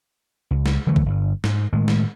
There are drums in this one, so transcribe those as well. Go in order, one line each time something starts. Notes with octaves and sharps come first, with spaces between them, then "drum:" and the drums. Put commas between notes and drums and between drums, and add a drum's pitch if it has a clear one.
C#2
drum: snare
D3 E3 F#3 A3
drum: kick B1
G1 G2
G#2, drum: snare
A2 D#3 G#3
drum: snare